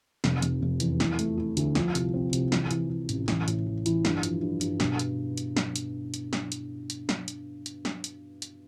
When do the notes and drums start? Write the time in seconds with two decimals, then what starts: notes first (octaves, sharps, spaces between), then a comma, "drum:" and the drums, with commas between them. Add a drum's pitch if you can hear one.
0.24 F1, drum: snare
0.42 F1, drum: hi-hat
0.62 F1
0.80 E2, drum: hi-hat
1.00 E4, drum: snare
1.19 A3, drum: hi-hat
1.38 E4
1.57 D2, drum: hi-hat
1.75 F3, drum: snare
1.95 C2, drum: hi-hat
2.14 C4
2.33 C3, drum: hi-hat
2.52 E3, drum: snare
2.71 E3, drum: hi-hat
2.90 E3
3.09 A1, drum: hi-hat
3.28 E3, drum: snare
3.48 A2, drum: hi-hat
3.66 E3
3.86 E3, drum: hi-hat
4.05 G2, drum: snare
4.23 F3, drum: hi-hat
4.42 G2
4.61 G2, drum: hi-hat
4.80 B2, drum: snare
4.99 drum: hi-hat
5.37 drum: hi-hat
5.57 drum: snare
5.76 drum: hi-hat
6.14 drum: hi-hat
6.33 drum: snare
6.52 drum: hi-hat
6.90 drum: hi-hat
7.09 drum: snare
7.28 drum: hi-hat
7.66 drum: hi-hat
7.85 drum: snare
8.04 drum: hi-hat
8.42 drum: hi-hat